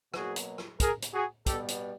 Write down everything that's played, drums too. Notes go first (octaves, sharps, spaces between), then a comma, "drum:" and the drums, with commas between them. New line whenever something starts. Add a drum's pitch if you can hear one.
B2 F#3 A#3 F#4 G#4, drum: rim click
drum: hi-hat
drum: rim click
G#4 A#4, drum: kick, hi-hat
drum: hi-hat
F#4 G#4
B2 G3 B3 G4 A4, drum: kick, hi-hat
drum: hi-hat